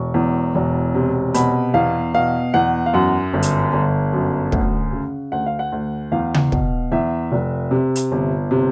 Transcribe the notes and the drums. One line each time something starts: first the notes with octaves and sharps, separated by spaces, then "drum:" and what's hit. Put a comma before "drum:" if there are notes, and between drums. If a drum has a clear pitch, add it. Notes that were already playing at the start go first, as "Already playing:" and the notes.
Already playing: E1 C#6
E2
E1
C3
B2 B5, drum: hi-hat
E2 F5
B2 F5
E2 F#5
F5
F#2 F#5
G1
drum: hi-hat
G1
F#2
D2, drum: kick
C#3
D2 F#5
F5
F#5
D2
E2 F5
drum: tom C#3
B2, drum: kick
E2 E5
F1
C3
drum: hi-hat
G1
C3